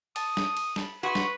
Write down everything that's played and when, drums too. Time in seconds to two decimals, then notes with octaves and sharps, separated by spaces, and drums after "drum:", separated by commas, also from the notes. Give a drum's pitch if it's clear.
0.16 A5 D#6, drum: cymbal
0.37 drum: snare
0.57 drum: cymbal
0.76 A5 B5, drum: snare
1.03 F#4 G#4 B4 C6 C#6
1.15 drum: snare